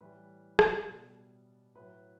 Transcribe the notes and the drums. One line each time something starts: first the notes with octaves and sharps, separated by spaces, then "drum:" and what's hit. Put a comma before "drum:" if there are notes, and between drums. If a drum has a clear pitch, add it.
A2 E3 G3 B4
drum: rim click
B2 G3
A2 F#3 B4